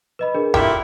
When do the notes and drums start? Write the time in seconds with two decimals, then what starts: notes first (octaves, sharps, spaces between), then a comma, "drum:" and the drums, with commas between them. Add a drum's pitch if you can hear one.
0.19 B4 D#5 B5
0.34 D4 G#4 A#4
0.54 A#2 A3 E4 G4 B5, drum: kick F#1